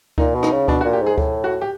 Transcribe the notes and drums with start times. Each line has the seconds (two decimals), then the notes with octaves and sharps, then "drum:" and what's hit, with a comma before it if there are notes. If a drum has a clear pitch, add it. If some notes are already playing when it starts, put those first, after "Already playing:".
0.18 A#2 D#4, drum: kick D2
0.35 B2
0.43 D#4, drum: rim click
0.52 C#3
0.68 B2 D4, drum: kick D2
0.81 F#4
0.85 A#2
0.93 G4
1.01 G#2
1.06 G#4
1.18 A2, drum: kick D2
1.44 F#4
1.61 G4